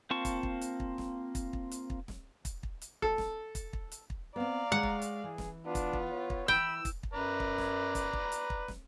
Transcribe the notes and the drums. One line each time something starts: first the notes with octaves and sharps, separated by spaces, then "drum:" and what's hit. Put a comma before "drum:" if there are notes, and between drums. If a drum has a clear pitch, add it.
A#3 C4 F4 A5 C#6
drum: kick, hi-hat
drum: kick
drum: hi-hat
drum: kick
drum: snare
drum: kick, hi-hat
drum: kick
drum: hi-hat
drum: kick
drum: snare
drum: kick, hi-hat
drum: kick
drum: hi-hat
A4, drum: kick
drum: snare
drum: kick, hi-hat
drum: kick
drum: hi-hat
drum: kick
B3 C4 D5 F5 A#5
G#3 C#5 F#5
drum: kick
drum: hi-hat
E3 G#4
drum: snare
B3 D4 F4
drum: kick, hi-hat
drum: kick
C#5
drum: kick
E3 G5 B5 E6, drum: snare
drum: kick, hi-hat
drum: kick
F#2 B4 D5 A#5
drum: kick
drum: snare
drum: kick, hi-hat
drum: kick
drum: hi-hat
drum: kick
drum: snare